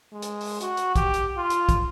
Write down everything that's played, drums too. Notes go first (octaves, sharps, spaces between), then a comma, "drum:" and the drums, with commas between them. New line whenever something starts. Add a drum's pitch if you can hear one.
G#3
drum: hi-hat
drum: open hi-hat
F#4, drum: hi-hat
drum: hi-hat
G4, drum: kick, hi-hat
drum: hi-hat
F4
drum: hi-hat
drum: kick, hi-hat